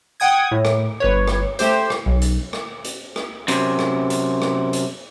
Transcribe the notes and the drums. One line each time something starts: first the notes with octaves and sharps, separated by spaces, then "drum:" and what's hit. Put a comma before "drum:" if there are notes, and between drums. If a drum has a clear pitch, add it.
F#5 G5 D#6 G#6
A2
drum: rim click
G1 B4 C#5
drum: rim click
A3 G4 C5, drum: hi-hat
drum: rim click
B1
drum: hi-hat
drum: rim click
drum: hi-hat
drum: rim click
F#2 C3, drum: hi-hat
drum: rim click
drum: hi-hat
drum: rim click
drum: hi-hat